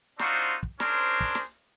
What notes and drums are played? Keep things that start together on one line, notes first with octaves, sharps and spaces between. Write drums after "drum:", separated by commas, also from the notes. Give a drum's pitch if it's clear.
C4 D4 D#4 F4 F#4 C5, drum: snare
drum: kick
C#4 D4 G#4 A#4 C5, drum: snare
drum: kick
drum: snare